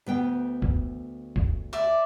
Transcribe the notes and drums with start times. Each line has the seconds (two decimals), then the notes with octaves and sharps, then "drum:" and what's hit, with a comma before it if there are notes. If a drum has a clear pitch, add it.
0.06 D2 B3 G5
0.62 drum: kick
1.36 drum: kick
1.73 D5 E5